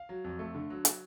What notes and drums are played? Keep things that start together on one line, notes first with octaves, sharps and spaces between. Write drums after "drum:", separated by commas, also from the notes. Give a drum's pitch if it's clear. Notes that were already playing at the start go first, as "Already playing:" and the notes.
Already playing: F5
F#3
F2
A3
D3
F#3
drum: hi-hat